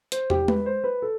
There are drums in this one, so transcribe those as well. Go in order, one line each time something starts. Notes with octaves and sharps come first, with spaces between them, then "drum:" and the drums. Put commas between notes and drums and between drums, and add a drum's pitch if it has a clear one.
C5, drum: hi-hat
G4, drum: tom
B4, drum: tom G#3
C5
B4
A4